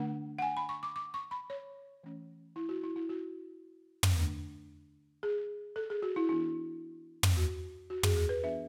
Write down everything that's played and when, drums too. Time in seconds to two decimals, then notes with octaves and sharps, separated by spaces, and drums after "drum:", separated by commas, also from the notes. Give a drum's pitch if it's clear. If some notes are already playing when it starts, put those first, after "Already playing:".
Already playing: D3 A3 D4 F#5
0.39 F#5
0.42 G#5
0.57 B5
0.69 C#6
0.83 D6
0.96 D6
1.14 C#6
1.31 B5
1.50 C#5
2.03 E3 A3 C#4
2.56 E4
2.69 F#4
2.83 E4
2.96 E4
3.09 F#4
4.03 drum: tom
4.16 D3 A3 D4
5.23 G#4
5.76 A4
5.90 G#4
6.02 F#4
6.16 E4
6.29 E3 B3 D4 E4
7.23 drum: tom
7.37 F#4
7.90 F#4
8.03 G#4, drum: tom
8.17 G#4
8.29 B4
8.43 E3 B3 D4 E5